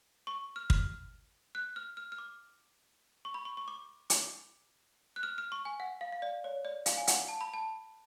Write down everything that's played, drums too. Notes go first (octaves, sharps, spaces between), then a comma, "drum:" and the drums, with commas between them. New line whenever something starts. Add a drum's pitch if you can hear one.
C#6
F6
F6, drum: kick
F#6
F6
F6
F6
D6
C#6
B5
C#6
C#6
D6
D6, drum: hi-hat
F#6
F6
F6
C#6
G#5
F#5
F5
F5
D5
C#5
D5
F5, drum: hi-hat
G#5
F#5, drum: hi-hat
A5
B5
A5